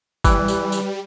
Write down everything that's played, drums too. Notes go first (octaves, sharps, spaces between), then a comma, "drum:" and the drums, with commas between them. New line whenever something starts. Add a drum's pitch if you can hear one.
E3 G3 B4, drum: kick, tambourine
drum: tambourine
drum: tambourine